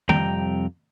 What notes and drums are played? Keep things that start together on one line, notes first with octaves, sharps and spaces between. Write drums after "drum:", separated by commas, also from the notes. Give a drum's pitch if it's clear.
F2 C3 G3 G5 A#5, drum: tom D#3